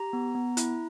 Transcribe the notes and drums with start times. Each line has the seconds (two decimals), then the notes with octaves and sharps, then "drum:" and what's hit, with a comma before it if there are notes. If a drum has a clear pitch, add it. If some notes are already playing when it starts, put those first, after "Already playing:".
Already playing: G4 A#5
0.13 B3
0.35 B3
0.57 E4, drum: hi-hat